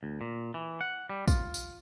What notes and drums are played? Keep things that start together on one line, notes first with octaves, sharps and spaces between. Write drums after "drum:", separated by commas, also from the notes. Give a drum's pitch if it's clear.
D2
A#2
E3
F#5
G3
F4, drum: kick, tambourine
drum: tambourine